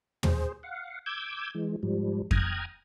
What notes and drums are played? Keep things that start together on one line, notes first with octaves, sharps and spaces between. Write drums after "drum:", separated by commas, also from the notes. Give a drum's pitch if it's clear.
G#4 C5, drum: tom
F5 F#5
D6 E6 G6 G#6
E3 G#3
G#2 F3 G3
G5 A#5 D#6 F6 F#6 G#6, drum: kick F2